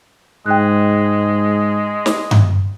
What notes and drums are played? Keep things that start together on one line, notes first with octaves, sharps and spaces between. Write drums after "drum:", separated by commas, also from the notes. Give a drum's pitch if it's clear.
G#2 G#3 G5 F#6
drum: snare
drum: tom G2